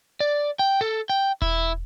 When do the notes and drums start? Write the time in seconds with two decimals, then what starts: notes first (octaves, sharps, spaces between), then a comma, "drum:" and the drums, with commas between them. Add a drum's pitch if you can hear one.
0.20 D5
0.59 G5
0.81 A4
1.10 G5
1.42 E4, drum: kick E1